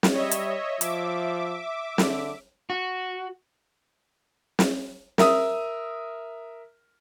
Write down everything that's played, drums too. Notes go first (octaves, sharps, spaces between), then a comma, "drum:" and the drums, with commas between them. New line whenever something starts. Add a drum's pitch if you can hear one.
drum: snare
G3 C#5 D#5 E5
drum: hi-hat
F3 E5 D6, drum: hi-hat
D3, drum: snare
F#4
drum: snare
A#4 E5 D#6, drum: snare